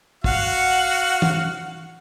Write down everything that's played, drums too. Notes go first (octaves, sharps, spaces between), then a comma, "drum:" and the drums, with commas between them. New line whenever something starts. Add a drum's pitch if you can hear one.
F#4 F5 F#5, drum: kick
drum: tom